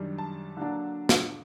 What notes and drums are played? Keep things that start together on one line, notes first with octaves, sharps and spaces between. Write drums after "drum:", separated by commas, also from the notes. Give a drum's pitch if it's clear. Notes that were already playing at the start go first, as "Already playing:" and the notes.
Already playing: F#2 D#3 G3 D4
A5
D3 F#3 A#3 D4
drum: snare